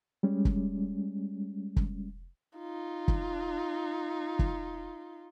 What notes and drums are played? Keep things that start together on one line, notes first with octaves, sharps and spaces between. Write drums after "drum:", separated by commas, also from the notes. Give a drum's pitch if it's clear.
G3 G#3 C#4
drum: kick
drum: kick
D#4 F4
drum: kick
drum: kick